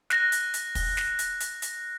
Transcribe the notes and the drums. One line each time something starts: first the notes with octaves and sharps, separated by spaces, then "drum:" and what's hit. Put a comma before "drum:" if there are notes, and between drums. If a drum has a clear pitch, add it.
F#6 A#6, drum: snare
drum: hi-hat
drum: hi-hat
drum: kick, open hi-hat
drum: snare
drum: hi-hat
drum: hi-hat
drum: hi-hat